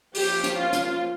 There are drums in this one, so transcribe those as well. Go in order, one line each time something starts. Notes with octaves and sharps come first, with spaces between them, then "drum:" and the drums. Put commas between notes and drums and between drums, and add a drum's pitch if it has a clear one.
F3 A#3 C#4 G4, drum: open hi-hat
drum: hi-hat
F4
drum: hi-hat